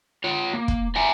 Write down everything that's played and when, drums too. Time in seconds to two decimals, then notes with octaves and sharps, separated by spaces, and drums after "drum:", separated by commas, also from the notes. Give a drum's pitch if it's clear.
0.24 F4 C#5
0.53 A#3
0.68 drum: kick
0.96 D5 E5 G#5 A#5